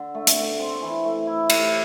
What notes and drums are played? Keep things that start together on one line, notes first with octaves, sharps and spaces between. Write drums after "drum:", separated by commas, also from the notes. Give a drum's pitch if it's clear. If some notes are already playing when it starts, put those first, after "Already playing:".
Already playing: D3
A3
drum: hi-hat
A3
C4
E3
A3
E4
A3, drum: cymbal